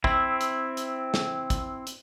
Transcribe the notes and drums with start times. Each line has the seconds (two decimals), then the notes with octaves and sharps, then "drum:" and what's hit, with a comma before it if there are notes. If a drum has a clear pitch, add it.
0.04 C4 E4, drum: kick
0.41 drum: hi-hat
0.77 drum: hi-hat
1.14 drum: snare
1.50 drum: kick, hi-hat
1.87 drum: hi-hat